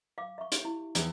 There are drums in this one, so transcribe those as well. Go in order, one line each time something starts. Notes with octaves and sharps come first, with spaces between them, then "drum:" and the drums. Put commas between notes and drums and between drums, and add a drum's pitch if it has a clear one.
F5 D6
E5 C#6
G4, drum: hi-hat
E4
E2 G5, drum: hi-hat